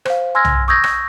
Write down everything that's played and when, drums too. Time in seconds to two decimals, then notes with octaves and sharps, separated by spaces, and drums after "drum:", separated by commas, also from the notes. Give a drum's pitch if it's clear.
0.05 C5 F5, drum: rim click
0.35 G#5 C6 E6 F6 G#6 A#6
0.44 drum: tom
0.68 C#6 D#6 E6 G6 G#6 A#6
0.84 drum: rim click